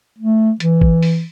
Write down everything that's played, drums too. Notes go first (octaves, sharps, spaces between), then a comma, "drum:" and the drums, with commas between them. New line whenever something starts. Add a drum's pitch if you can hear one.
A3
E3, drum: hi-hat
drum: kick
drum: open hi-hat